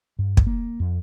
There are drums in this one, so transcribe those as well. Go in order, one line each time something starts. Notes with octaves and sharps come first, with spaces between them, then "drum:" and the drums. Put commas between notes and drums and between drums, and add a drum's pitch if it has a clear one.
G2
drum: kick
A#3
F2